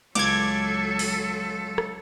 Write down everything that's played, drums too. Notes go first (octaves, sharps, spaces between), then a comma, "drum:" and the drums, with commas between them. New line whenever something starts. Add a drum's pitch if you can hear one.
C#2 F#3 A4 D6 G#6, drum: cymbal
drum: open hi-hat
drum: rim click